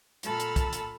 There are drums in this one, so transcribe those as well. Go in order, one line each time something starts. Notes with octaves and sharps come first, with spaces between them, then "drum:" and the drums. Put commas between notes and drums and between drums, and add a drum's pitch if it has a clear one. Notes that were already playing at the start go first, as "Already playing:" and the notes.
A#2 A4 A5 B5 E6 F6, drum: hi-hat
drum: hi-hat
drum: kick, hi-hat
drum: hi-hat